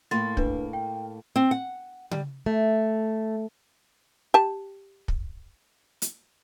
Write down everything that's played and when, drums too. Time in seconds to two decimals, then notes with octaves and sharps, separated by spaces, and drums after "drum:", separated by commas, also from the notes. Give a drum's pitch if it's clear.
0.11 A2 A#3 C6 A6
0.37 D4 B4, drum: kick
0.73 G5
1.36 C4
1.51 F#5
2.11 G3, drum: tom C#3
2.46 A3
4.34 G4 A5
5.08 drum: kick
6.02 drum: hi-hat